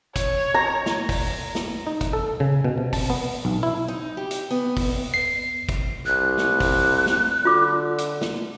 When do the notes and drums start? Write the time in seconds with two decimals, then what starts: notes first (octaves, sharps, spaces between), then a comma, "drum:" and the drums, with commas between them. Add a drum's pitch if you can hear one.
0.16 C#5, drum: kick, hi-hat
0.54 A#5
0.86 drum: snare
1.09 drum: kick, open hi-hat
1.55 drum: snare
1.87 D#4
2.01 drum: kick, hi-hat
2.13 A4
2.40 C#3
2.64 B2
2.78 C3
2.93 A5, drum: kick, open hi-hat
3.10 B3
3.45 B1
3.63 E4
3.88 D#4
4.17 G4
4.31 drum: hi-hat
4.50 B3
4.77 drum: kick, open hi-hat
5.14 C7
5.69 drum: kick, hi-hat
6.06 C2 F#6
6.37 drum: snare
6.60 drum: kick, open hi-hat
7.06 drum: snare
7.45 D3 F4 D6
7.98 drum: hi-hat
8.21 drum: snare